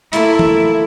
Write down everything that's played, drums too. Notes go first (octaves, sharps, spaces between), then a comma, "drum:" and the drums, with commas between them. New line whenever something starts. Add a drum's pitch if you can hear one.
A3 A#3 E4 F4, drum: hi-hat
drum: tom